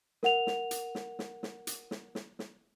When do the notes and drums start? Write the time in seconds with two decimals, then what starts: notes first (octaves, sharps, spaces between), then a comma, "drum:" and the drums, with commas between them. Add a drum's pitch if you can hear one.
0.23 A#4 F#5 F7, drum: snare
0.47 drum: snare
0.71 drum: hi-hat
0.95 drum: snare
1.19 drum: snare
1.43 drum: snare
1.67 drum: hi-hat
1.91 drum: snare
2.15 drum: snare
2.39 drum: snare